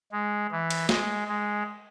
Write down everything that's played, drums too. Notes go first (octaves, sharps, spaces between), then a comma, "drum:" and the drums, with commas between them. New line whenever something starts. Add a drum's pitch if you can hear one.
G#3
E3
drum: cymbal
G#3, drum: snare
G#3